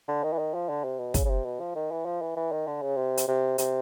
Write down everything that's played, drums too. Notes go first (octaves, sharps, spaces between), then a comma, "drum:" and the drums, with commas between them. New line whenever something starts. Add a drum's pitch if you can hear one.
D3
D#3
E3
D#3
F3
D3
C3
B2
C#3, drum: kick, hi-hat
C#3
C3
B2
F3
D#3
E3
F3
E3
E3
D#3
D3
C#3
C3
drum: hi-hat
C3
C3, drum: hi-hat